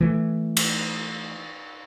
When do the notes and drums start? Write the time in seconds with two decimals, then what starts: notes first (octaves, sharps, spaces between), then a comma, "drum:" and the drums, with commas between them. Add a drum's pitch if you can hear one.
0.01 E3 A3
0.57 drum: cymbal